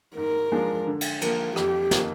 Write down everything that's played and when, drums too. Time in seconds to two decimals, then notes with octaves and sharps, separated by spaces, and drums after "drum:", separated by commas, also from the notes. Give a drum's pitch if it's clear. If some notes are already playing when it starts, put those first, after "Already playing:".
0.17 G#2 A#4
0.52 F3 G#3 D4
0.87 D3
1.01 drum: cymbal
1.22 F3 A#3 A#4, drum: cymbal
1.56 F2 G4, drum: rim click
1.91 D#3 A#3 D#4, drum: snare